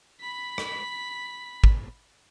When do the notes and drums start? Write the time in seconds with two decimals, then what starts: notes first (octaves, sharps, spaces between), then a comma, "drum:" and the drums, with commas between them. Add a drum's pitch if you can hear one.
0.21 B5 B6
0.58 drum: rim click
1.64 drum: kick